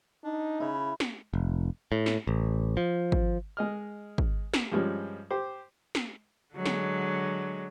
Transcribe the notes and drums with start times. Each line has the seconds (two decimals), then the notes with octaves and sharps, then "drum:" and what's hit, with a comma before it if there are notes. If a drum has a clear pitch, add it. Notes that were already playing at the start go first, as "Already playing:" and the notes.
0.24 D4 D#4
0.60 C#3 E4
1.00 drum: snare
1.34 F1
1.92 A2
2.06 drum: snare
2.27 A1
2.77 F3
3.12 drum: kick
3.57 G#3 D#5 F6
4.18 drum: kick
4.54 drum: snare
4.72 G2 F3 G3 G#3 C#4
5.30 G4 C5
5.95 drum: snare
6.54 D3 F#3 G#3
6.66 drum: snare